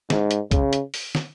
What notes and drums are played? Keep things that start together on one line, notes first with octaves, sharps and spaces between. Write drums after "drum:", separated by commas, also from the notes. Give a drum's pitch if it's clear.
G#2, drum: snare
drum: hi-hat
C#3, drum: kick, hi-hat
drum: hi-hat
drum: open hi-hat
drum: snare